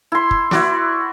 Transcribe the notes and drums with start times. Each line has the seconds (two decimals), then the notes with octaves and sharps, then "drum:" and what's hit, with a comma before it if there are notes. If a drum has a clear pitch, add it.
0.12 E4 C6
0.31 drum: kick
0.51 E4 F#4 D5, drum: snare